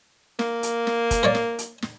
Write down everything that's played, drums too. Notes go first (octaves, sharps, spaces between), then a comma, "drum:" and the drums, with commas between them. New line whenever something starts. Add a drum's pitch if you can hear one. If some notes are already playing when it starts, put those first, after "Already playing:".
A#3, drum: snare
drum: hi-hat
drum: snare
drum: kick, hi-hat
A#4 C#5 D5
drum: snare
drum: hi-hat
drum: snare